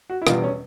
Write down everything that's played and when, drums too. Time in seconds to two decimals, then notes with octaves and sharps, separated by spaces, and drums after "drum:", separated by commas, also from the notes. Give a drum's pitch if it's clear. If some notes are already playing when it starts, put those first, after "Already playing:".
0.10 F#4
0.22 E4
0.27 E1 E2 B2 G3 F4, drum: rim click
0.44 C#4